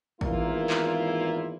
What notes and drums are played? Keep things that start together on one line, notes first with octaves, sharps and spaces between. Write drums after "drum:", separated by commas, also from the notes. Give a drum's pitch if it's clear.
G#1 E2 A#3 E4 F4 A#4, drum: kick A1
drum: clap